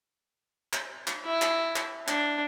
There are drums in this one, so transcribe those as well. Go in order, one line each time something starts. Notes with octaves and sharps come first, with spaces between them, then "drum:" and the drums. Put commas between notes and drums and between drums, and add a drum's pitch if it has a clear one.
drum: clap
drum: clap
E4
drum: clap
drum: clap
D4, drum: clap